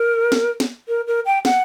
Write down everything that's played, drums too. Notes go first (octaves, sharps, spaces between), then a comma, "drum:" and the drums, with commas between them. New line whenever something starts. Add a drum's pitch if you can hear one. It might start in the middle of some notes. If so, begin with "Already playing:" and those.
Already playing: A#4
drum: snare
drum: snare
A#4
A#4
G5
F#5, drum: snare